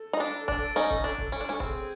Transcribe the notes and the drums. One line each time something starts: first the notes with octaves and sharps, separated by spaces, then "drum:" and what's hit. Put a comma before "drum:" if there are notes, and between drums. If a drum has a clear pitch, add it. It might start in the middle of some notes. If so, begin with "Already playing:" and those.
Already playing: A4
D#4
D4
D4, drum: kick C#1
C#4 D#4
drum: kick C#1
D4
drum: kick C#1
C#4
D4
C#4, drum: snare
C4 G#4, drum: kick C#1